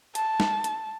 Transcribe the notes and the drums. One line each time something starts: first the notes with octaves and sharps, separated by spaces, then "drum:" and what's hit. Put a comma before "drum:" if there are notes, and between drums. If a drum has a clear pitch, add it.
A5, drum: hi-hat
drum: snare
drum: hi-hat